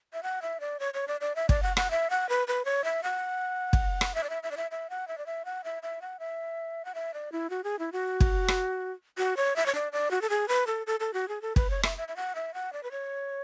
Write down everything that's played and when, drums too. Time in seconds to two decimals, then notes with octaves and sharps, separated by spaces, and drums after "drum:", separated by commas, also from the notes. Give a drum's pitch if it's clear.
0.13 E5
0.23 F#5
0.42 E5
0.60 D5
0.80 C#5
0.94 C#5
1.08 D5
1.21 D5
1.36 E5
1.49 D5, drum: kick
1.63 F#5
1.77 F#5, drum: rim click
1.91 E5
2.10 F#5
2.29 B4
2.48 B4
2.65 C#5
2.84 E5
3.03 F#5
3.73 drum: kick
4.01 drum: rim click
4.15 E5
4.23 D5
4.30 E5
4.43 E5
4.51 D5
4.57 E5
4.71 E5
4.90 F#5
5.08 E5
5.18 D5
5.26 E5
5.45 F#5
5.64 E5
5.83 E5
6.02 F#5
6.19 E5
6.85 F#5
6.95 E5
7.14 D5
7.32 E4
7.50 F#4
7.64 G#4
7.79 E4
7.92 F#4
8.20 drum: kick
8.48 drum: rim click
9.18 F#4
9.37 C#5
9.56 E5
9.66 C#5
9.75 D5
9.92 D5
10.11 F#4
10.22 A4
10.30 G#4
10.48 B4
10.67 A4
10.87 A4
11.00 A4
11.13 F#4
11.28 G#4
11.42 A4
11.56 B4, drum: kick
11.70 C#5
11.83 E5, drum: rim click
11.98 E5
12.08 E5
12.16 F#5
12.35 E5
12.54 F#5
12.73 D5
12.83 B4
12.91 C#5